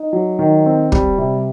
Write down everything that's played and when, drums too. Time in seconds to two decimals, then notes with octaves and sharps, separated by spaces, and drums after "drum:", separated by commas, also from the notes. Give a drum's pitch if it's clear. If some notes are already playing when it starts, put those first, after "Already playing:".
Already playing: D#4
0.13 F#3
0.39 D#3
0.66 C4
0.92 G3, drum: kick
1.18 C3